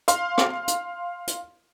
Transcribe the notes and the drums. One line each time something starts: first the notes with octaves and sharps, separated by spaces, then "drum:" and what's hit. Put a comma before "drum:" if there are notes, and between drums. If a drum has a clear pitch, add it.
F5 C6, drum: hi-hat
drum: rim click
drum: hi-hat
drum: hi-hat